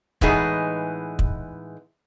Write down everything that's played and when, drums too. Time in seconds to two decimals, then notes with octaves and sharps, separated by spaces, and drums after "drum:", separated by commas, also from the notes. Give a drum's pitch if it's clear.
0.21 A2 E3 G#3 B3 D#4 G#4, drum: kick
1.19 drum: kick